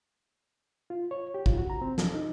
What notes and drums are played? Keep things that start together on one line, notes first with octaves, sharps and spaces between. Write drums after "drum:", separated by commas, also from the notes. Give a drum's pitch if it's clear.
F4
C#5
G4
F4, drum: kick
F#4
A#5
C4
A4, drum: snare
D#4